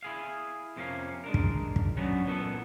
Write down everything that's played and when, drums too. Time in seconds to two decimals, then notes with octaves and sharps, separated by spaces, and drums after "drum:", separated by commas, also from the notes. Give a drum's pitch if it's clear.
0.03 E4 G#4 F5
0.76 F2 C3 A#3 C#4 F5
1.24 G#3 D4 A#4
1.34 drum: kick
1.76 drum: kick
1.97 F#3 B3 C#4 D4 F#4
2.26 A#2 E3 B3 A4